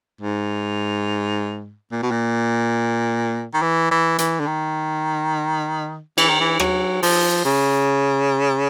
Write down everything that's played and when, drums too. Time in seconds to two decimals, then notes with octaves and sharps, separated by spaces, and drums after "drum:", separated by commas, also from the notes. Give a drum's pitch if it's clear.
0.21 G#2
1.92 A#2
2.03 B2
2.11 A#2
3.54 D#3
3.62 E3
3.91 E3
4.18 E3, drum: hi-hat
4.40 D3
4.47 D#3
6.18 E3, drum: cymbal
6.29 D#3
6.40 E3
6.60 F#3, drum: rim click
7.03 F3, drum: open hi-hat
7.45 C#3